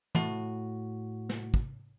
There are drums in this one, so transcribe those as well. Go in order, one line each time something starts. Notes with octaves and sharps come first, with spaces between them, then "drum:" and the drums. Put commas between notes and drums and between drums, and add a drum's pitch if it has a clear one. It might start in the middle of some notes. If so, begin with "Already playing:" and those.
A2 F#4, drum: tom
drum: snare
drum: kick